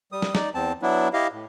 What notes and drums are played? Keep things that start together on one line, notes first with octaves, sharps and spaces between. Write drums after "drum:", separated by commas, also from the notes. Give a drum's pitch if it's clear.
G3 D#6
drum: snare
D#4 D5, drum: snare
E2 C4 A5
F#3 B3 D4 E4
E4 G4 D#5 F5
A2